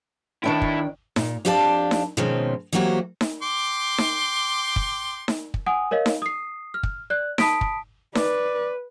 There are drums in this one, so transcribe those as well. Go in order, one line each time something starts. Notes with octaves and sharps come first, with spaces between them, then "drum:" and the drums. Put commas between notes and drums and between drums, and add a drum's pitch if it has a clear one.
D#3 D4 E4 G5 A5
drum: kick
A#2, drum: snare D#4
F2 D4 G4 D5 F5 A5
drum: snare D#4
B2 D#3 F3 G#3 C4 C#4
E3 F#3 A#3 C4 F#4 G4
drum: snare D#4
G5 C6 D6
drum: snare D#4
drum: kick
drum: snare D#4
drum: kick
F#5 G#5 D#6
A#4 C#5 D#5 F5
drum: snare D#4
D#6 C7
F6
drum: kick
D5 F#6
A5 B5 D#6 B6 D7, drum: snare D#4
drum: kick
B4 D5, drum: snare D#4